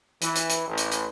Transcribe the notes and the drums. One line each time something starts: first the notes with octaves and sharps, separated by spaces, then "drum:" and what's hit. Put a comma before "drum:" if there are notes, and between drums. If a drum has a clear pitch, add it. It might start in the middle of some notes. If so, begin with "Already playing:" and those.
E3, drum: hi-hat
drum: hi-hat
drum: hi-hat
A1
drum: hi-hat
drum: hi-hat